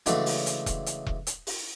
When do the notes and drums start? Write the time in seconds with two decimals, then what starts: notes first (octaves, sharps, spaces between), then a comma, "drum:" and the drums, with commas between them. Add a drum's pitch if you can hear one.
0.06 C#3 E3 F#3 G#3 A3 D4, drum: hi-hat
0.26 drum: open hi-hat
0.46 drum: hi-hat
0.66 drum: kick E1, hi-hat
0.86 drum: hi-hat
1.06 drum: kick E1
1.27 drum: hi-hat
1.47 drum: open hi-hat